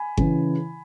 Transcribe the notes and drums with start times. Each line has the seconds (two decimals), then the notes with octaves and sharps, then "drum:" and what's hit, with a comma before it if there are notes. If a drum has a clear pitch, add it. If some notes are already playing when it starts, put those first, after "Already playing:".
Already playing: G#5 B5
0.17 C#3 E3, drum: kick G1